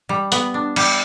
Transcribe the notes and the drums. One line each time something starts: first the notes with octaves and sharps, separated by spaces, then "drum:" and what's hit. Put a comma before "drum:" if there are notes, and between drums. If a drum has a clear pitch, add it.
G3
B3, drum: hi-hat
D4
G3, drum: cymbal